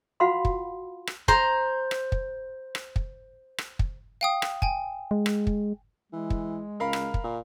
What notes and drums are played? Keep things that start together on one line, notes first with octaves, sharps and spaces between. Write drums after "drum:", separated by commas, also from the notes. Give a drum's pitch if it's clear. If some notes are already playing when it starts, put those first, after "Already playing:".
F4 F#4 F5 F#5 B5 C6
drum: kick
drum: rim click
C5 A#5, drum: kick
drum: rim click
drum: kick
drum: rim click
drum: kick
drum: rim click
drum: kick
F5 G5 D#6
drum: rim click
G5 G#5, drum: kick
G#3
drum: rim click
drum: kick
E3 G#3
drum: kick
C#2 A#4 F5 B5
drum: rim click
drum: kick
A#2